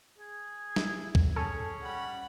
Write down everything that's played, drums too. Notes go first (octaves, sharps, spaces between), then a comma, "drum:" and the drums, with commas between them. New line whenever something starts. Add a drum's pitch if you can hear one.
G#4
E4, drum: snare
drum: kick C2
C#4 G#4 A4 G#5
G3 F#5 B5